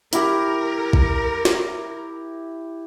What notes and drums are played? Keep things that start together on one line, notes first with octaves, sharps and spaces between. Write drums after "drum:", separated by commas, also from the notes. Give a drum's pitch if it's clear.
E4 G4 A#4, drum: hi-hat
drum: kick A#1
drum: snare